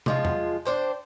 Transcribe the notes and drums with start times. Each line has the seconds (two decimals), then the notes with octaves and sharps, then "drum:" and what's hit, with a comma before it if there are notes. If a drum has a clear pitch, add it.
0.06 F3 G#3 F4, drum: tom
0.25 drum: tom E2
0.65 D4 C5 G5